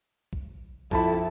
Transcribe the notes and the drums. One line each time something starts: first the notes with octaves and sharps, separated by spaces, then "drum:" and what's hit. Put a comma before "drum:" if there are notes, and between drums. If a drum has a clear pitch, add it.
drum: kick
F2 E4 A4 A5 B5, drum: kick